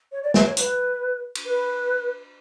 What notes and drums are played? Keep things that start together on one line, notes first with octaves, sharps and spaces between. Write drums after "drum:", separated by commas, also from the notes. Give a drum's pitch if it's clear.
C#5
D5
E5, drum: snare
C#5
B4, drum: hi-hat
drum: cymbal
B4